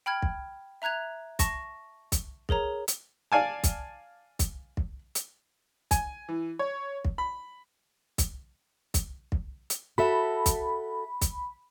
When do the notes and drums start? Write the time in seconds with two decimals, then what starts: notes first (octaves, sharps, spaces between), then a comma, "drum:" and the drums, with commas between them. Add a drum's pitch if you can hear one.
0.06 G5 B5 F6 G#6
0.22 drum: kick
0.82 E5 A#5 F#6 G#6 F7
1.39 A5 C#6 A#6, drum: kick, hi-hat
2.12 drum: kick, hi-hat
2.49 G#4 A#4 C#5 A#5, drum: kick
2.88 drum: hi-hat
3.32 D5 F5 G#5 A5
3.64 drum: kick, hi-hat
4.39 drum: kick, hi-hat
4.77 drum: kick
5.15 drum: hi-hat
5.91 G#5, drum: kick, hi-hat
6.29 E3
6.59 C#5
7.05 drum: kick
7.18 B5
8.18 drum: kick, hi-hat
8.94 drum: kick, hi-hat
9.32 drum: kick
9.70 drum: hi-hat
9.98 F#4 A4 E5 B5
10.46 drum: kick, hi-hat
11.21 drum: kick, hi-hat